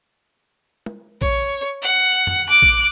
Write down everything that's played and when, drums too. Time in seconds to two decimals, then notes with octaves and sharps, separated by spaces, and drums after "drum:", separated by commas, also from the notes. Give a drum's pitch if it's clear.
0.86 drum: tom
1.22 C#5, drum: kick A#1
1.82 F#5
2.27 drum: tom F2
2.47 D6 F#6
2.62 drum: kick A#1